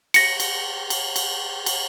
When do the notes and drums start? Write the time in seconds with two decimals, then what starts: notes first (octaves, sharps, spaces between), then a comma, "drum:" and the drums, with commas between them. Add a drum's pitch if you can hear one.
0.14 A#6 C#7, drum: cymbal
0.40 drum: cymbal
0.90 drum: cymbal
1.16 drum: cymbal
1.66 drum: cymbal